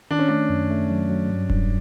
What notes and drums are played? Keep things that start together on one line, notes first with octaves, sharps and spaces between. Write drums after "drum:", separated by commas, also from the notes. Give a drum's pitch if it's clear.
D#3 D4
C#4
A3 D4
F#2
A3
F#3
F#3
G2
G2, drum: kick E1